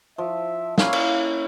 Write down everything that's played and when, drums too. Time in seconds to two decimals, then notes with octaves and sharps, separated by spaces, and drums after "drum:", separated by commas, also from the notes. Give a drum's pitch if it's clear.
0.18 F3 E5
0.78 A#3 C#4 E4 F5, drum: snare
0.93 drum: cymbal